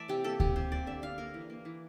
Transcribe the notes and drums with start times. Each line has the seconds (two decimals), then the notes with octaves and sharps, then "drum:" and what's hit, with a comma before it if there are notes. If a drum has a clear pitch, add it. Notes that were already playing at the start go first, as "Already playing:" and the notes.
Already playing: E3 A3 D5 E5
0.08 C3 G4
0.24 A#3 A4
0.40 C3 G4, drum: kick D2
0.56 C3 C5
0.72 A#3 D5
0.87 D3 E5
1.02 D3 F5
1.18 A#3 A#4
1.34 E3
1.50 A#3
1.65 E3